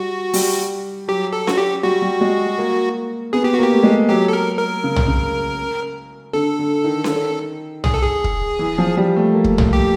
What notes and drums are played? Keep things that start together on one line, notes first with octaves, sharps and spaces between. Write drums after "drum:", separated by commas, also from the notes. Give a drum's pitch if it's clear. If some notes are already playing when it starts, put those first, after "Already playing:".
Already playing: G3 F#4
G3, drum: open hi-hat
F#3 G4
A4
F#4, drum: snare C#4
G4
G3 F#4
G3
G#3
A#3
B3 G#4
G4
A#3 F#4
G4
A3
G#3
F#3 G4
A4
A#4
A#4
C#3
drum: tom
C#3
D3 A4
D3
D#3
drum: snare C#4
G#4, drum: tom
A4
G#4
drum: kick
E3
F3
G3
A3
A#3
drum: kick
drum: tom
G4